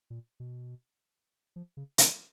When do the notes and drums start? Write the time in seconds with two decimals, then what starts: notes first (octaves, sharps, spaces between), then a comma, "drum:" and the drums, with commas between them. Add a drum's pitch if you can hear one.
0.10 A#2
0.40 B2
1.56 F3
1.77 C#3
1.98 C3, drum: hi-hat